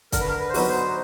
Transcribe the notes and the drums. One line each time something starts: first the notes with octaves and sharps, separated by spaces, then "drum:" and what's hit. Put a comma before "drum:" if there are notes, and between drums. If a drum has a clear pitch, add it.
D3 A#4, drum: kick C2, hi-hat
B4
A#4
B4
C5
F#3 B3 D#4 F#4 B4, drum: open hi-hat
C5